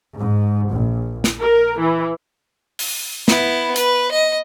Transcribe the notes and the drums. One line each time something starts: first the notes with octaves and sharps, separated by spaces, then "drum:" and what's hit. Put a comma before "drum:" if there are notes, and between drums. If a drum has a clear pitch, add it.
G#2
A#1
drum: snare
A#4
E3
drum: open hi-hat
B3 E4, drum: snare
B4, drum: hi-hat
D#5